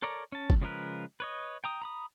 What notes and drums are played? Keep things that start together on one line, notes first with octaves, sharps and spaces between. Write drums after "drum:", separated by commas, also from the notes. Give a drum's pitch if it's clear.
A4 A#4 C#5 D5 A#5
C#4 A5
drum: kick
C#3 F3 G#3 A#4 B4
B4 C#5 D#5
G5 A#5 D#6
A#5 B5 D#6